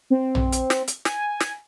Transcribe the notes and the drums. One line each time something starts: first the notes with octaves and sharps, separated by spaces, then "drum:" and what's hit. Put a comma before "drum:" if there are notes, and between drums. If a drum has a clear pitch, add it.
C4
drum: tom A#1
drum: hi-hat
drum: snare
drum: hi-hat
G#5, drum: snare
drum: snare